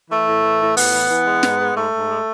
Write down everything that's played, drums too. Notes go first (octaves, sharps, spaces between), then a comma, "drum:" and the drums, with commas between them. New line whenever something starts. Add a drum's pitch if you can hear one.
E3 A3
A2
E3
A2
A2 B3, drum: open hi-hat
E3
E3
G#3
G#2, drum: snare
G#3
G#2 A3
G#2
G#3